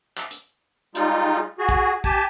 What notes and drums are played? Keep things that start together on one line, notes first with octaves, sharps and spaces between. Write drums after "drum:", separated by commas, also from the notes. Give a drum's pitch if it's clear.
drum: clap
drum: hi-hat
G3 G#3 D#4 F4, drum: hi-hat
F#4 G#4
drum: kick
G4 G#5 A5, drum: kick